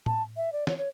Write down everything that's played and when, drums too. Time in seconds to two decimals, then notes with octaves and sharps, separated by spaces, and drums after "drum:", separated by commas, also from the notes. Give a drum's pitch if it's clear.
0.06 A5, drum: tom A2
0.36 E5
0.52 D5
0.67 C#5, drum: snare
0.78 C#5